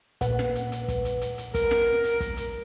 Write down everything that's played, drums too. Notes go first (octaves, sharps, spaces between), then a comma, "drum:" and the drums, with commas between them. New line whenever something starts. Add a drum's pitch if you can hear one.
A#2 B4 F#5, drum: kick, hi-hat
drum: snare
drum: hi-hat
drum: hi-hat
drum: kick, hi-hat
drum: hi-hat
drum: hi-hat
drum: hi-hat
A#4, drum: kick, hi-hat
drum: snare
drum: hi-hat
drum: kick, hi-hat
drum: hi-hat